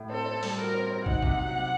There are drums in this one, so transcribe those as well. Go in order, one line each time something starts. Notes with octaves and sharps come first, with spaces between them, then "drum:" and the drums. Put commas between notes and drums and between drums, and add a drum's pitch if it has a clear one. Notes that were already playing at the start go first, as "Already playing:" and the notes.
Already playing: A2
C4 A4
C4
G3, drum: open hi-hat
F#4 A#4
C4
C4
D#4 F#5, drum: kick
C3, drum: kick
F#3
C3